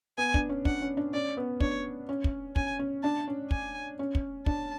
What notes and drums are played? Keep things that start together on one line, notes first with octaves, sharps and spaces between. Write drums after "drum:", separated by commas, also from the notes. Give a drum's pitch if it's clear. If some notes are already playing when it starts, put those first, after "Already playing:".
B3 G#5
D4, drum: kick
C#4
D4 F#5, drum: kick
C#4
D4
C#4 D5
B3
D4 C#5, drum: kick
C#4
drum: kick
C#4 G#5, drum: kick
C#4
D4 A5
C#4
G#5, drum: kick
C#4
drum: kick
D4 A5, drum: kick